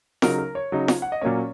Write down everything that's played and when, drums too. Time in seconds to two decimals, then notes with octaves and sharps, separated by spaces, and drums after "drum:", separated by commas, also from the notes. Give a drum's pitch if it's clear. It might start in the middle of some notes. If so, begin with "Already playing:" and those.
0.22 C#3 F#3 D#4 A#4, drum: snare
0.38 A#4
0.55 C#5
0.72 C#3 F#3 D#4
0.88 drum: snare
1.02 F#5
1.12 D#5
1.21 A#2 F#3 A#3 C#4 C#5